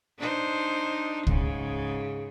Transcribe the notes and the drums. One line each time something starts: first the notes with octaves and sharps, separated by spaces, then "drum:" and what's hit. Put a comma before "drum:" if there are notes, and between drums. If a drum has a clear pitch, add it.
D4 D#4 C5
G#2 C#3, drum: kick